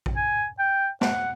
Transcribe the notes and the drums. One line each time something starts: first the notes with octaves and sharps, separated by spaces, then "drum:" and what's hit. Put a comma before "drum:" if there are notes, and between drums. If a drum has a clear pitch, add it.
drum: kick A#1
G#5
G5
F#5, drum: snare